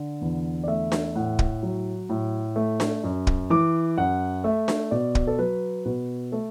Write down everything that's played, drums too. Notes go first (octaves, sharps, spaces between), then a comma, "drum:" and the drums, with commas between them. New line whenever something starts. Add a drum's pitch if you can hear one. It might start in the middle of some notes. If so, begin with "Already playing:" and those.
Already playing: D3
E2
D5
A3 E5
drum: snare D4
A2 F#5
drum: kick
F#3
A2
A3
drum: snare D4
F#2
drum: kick
E3 D6
F#2 F#5
A3 E5
drum: snare D4
B2 D5
drum: kick
A4
F#3 B4
B2 B4
A3 A4